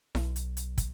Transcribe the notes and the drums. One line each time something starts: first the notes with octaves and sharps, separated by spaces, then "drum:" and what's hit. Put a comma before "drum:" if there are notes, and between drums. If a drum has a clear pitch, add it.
B1, drum: snare E4
drum: hi-hat
drum: hi-hat
drum: kick, hi-hat